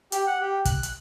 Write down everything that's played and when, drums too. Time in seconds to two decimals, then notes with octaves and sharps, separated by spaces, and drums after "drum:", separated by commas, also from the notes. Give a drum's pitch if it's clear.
0.12 G4, drum: hi-hat
0.27 F#5
0.40 G4
0.65 F#6, drum: kick, hi-hat
0.83 drum: hi-hat